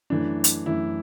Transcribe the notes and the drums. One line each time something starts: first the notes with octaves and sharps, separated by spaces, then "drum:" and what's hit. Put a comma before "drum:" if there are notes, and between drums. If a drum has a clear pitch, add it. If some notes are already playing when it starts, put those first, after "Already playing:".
F#2 E3 A3 D4
drum: hi-hat
F#2 E3 A3 E4